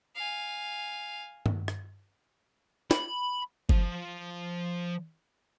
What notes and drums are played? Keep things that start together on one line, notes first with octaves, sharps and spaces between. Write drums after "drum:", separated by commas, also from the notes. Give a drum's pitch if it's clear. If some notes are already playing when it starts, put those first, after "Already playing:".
F5 G#5
drum: tom G2
drum: rim click
B5, drum: snare
F3, drum: kick F#1